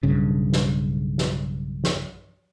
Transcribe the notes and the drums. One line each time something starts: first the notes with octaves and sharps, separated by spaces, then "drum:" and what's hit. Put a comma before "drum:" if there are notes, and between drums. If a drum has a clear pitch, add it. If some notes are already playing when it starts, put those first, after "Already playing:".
B1 G2 C#3
drum: snare
drum: snare
drum: snare